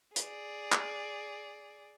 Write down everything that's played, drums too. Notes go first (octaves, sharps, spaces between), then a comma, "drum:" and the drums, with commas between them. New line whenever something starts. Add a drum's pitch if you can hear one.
G#4 D5, drum: hi-hat
drum: clap